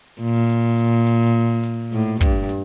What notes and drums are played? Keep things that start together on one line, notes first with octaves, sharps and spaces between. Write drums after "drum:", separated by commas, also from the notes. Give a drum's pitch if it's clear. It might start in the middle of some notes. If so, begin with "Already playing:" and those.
A#2
drum: hi-hat
drum: hi-hat
drum: hi-hat
drum: hi-hat
A2
G2, drum: kick, hi-hat
drum: hi-hat